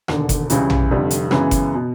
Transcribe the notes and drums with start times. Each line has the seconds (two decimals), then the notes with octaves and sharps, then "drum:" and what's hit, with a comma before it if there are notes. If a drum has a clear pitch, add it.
0.08 E1 D#2 D3, drum: rim click
0.29 drum: kick F#1, hi-hat
0.50 C#2 C#3 E3 G3, drum: hi-hat
0.70 drum: tom A#1
0.91 F1 F2 D3 G3
1.11 drum: hi-hat
1.31 F#2 C#3 E3 G#3 B3, drum: rim click
1.51 drum: kick F#1, hi-hat
1.75 B2